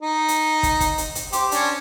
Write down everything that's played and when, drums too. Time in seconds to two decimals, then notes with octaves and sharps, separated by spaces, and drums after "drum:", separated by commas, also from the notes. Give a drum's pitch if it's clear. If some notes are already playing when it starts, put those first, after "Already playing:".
0.02 D#4
0.28 drum: hi-hat
0.63 drum: kick, hi-hat
0.80 drum: kick, hi-hat
0.98 drum: hi-hat
1.15 drum: hi-hat
1.33 G4 C5, drum: hi-hat
1.51 C#4 D4, drum: hi-hat